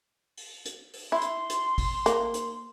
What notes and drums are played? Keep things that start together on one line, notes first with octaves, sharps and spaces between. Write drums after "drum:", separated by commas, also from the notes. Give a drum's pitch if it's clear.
drum: open hi-hat
drum: hi-hat
drum: open hi-hat
E4 C6
drum: hi-hat
drum: hi-hat
drum: kick, open hi-hat
A#3, drum: hi-hat
drum: hi-hat